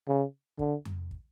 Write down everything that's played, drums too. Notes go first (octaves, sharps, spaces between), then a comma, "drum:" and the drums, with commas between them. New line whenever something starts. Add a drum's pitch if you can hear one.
C#3
D3, drum: kick
drum: tom F2
drum: kick